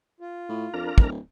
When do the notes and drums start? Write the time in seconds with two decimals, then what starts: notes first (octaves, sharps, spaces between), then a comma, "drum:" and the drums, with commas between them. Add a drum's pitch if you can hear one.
0.20 F4
0.49 A2
0.74 F2 D4 A#4 A#5
0.98 D1, drum: kick